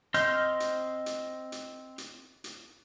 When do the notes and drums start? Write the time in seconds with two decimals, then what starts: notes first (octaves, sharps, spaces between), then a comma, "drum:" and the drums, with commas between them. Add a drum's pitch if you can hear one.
0.14 C4 D#5 C6 F6 G6, drum: hi-hat
0.60 drum: hi-hat
1.06 drum: hi-hat
1.52 drum: hi-hat
1.98 drum: hi-hat
2.44 drum: hi-hat